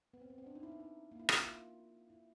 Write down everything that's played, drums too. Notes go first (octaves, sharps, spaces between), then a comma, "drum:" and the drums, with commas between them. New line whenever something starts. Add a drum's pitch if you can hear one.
B3
C4
B3
C4
D4
D#4
E4
D#4
E4
A#3
E4
F4, drum: rim click
E4
E4